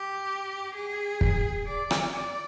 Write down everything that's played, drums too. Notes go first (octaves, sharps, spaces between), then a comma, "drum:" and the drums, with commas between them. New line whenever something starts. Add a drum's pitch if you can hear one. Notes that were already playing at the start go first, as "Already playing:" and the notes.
Already playing: G4
G#4
drum: kick
D5
drum: rim click
D5